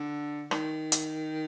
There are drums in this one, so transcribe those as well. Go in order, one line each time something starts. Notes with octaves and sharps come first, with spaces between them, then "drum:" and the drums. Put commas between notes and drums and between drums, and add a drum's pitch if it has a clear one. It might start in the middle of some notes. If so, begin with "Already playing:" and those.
Already playing: D3
D#3, drum: rim click
drum: hi-hat